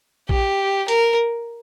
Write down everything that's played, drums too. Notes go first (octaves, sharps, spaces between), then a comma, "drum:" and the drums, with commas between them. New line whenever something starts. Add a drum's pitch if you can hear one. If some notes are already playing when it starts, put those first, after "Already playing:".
G4, drum: kick
A#4, drum: hi-hat